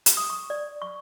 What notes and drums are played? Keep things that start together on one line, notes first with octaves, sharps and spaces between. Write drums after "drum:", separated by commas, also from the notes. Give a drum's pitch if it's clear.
drum: hi-hat
D#6
C#6
D5
C#6